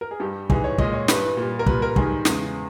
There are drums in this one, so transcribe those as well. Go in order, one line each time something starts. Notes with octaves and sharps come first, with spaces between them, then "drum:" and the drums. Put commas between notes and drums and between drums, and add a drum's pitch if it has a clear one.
A#4
G#4
G2 G3 G4
G#2 E3 G3 G#4, drum: kick
C#5
A#2 G#3 D#5, drum: kick
C#5
G2 E3 G3 B4, drum: snare
A#2 G3
A#4
A#2 G3 B4, drum: kick
A#4
G#2 D#3 G3 G#4, drum: kick
E2 C#3 G#3, drum: snare